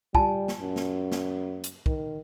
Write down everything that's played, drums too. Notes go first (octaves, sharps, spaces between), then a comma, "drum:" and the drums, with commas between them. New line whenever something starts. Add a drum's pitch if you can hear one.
G3 F4 G#5 A5, drum: kick
drum: snare
F#2
drum: snare
drum: snare
drum: hi-hat
D#3, drum: kick